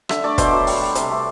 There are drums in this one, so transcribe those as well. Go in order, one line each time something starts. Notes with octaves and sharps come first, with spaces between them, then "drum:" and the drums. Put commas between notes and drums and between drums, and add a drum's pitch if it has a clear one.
D3 E5, drum: rim click
A3 D5
B2 C5, drum: kick, hi-hat
F#3
G3, drum: open hi-hat
G3
C3 A4, drum: hi-hat
A3